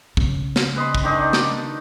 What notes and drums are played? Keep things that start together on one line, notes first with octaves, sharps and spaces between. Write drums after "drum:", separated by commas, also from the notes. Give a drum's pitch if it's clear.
C#3, drum: kick
drum: snare
B4 D#5 C6
drum: kick
D#3 D4 D#4
drum: snare